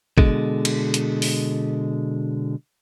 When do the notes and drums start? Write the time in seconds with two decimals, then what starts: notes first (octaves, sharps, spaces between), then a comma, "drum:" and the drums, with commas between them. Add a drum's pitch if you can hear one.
0.18 B2 D3 G#3, drum: kick G#1
0.65 drum: cymbal
0.94 drum: hi-hat
1.22 drum: open hi-hat